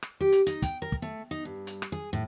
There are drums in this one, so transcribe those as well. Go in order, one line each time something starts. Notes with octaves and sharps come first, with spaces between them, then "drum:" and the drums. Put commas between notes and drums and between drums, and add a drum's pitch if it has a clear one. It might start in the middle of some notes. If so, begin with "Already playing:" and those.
drum: rim click
G4
drum: hi-hat
D#4, drum: hi-hat
G5, drum: kick, hi-hat
A#4
drum: kick
A3
D#4
G2
drum: hi-hat
drum: rim click
G#4
A2